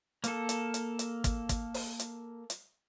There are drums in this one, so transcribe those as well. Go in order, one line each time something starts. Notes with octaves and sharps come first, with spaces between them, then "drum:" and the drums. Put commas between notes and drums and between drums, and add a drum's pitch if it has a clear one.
A#3 A4, drum: hi-hat
drum: hi-hat
drum: hi-hat
drum: hi-hat
drum: kick, hi-hat
drum: kick, hi-hat
drum: open hi-hat
drum: hi-hat
drum: hi-hat